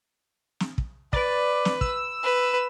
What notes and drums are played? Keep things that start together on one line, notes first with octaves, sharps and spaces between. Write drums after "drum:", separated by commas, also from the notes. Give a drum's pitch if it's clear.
drum: snare
drum: kick
B4 D5, drum: kick
drum: snare
E6, drum: kick
B4